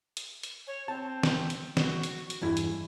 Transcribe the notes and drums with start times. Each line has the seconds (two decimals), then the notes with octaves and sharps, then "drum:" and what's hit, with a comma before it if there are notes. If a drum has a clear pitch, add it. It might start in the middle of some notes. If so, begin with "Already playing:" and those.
0.17 drum: hi-hat
0.43 drum: hi-hat
0.67 C#5
0.88 C4 A5
1.23 drum: snare
1.50 drum: hi-hat
1.77 F#4, drum: snare
2.03 drum: hi-hat
2.30 drum: hi-hat
2.42 E2 G2 E4
2.57 drum: hi-hat